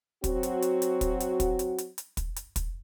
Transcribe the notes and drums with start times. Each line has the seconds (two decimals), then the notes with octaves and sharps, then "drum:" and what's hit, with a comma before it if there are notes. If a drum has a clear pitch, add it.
0.24 F#3 C4 F#4, drum: kick, hi-hat
0.43 drum: hi-hat
0.62 drum: hi-hat
0.82 drum: hi-hat
1.01 drum: kick, hi-hat
1.20 drum: hi-hat
1.40 drum: kick, hi-hat
1.59 drum: hi-hat
1.78 drum: hi-hat
1.98 drum: hi-hat
2.17 drum: kick, hi-hat
2.36 drum: hi-hat
2.56 drum: kick, hi-hat